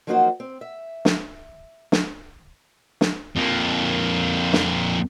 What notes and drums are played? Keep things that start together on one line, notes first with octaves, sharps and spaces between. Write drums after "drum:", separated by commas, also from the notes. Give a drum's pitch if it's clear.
F3 F#3 A#3 D#4 F#4 C5
C4
E5
drum: snare
drum: snare
drum: snare
F2 A#3
drum: snare